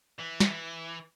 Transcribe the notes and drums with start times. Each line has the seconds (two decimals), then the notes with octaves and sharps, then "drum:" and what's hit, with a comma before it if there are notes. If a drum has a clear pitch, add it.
0.19 E3
0.40 drum: snare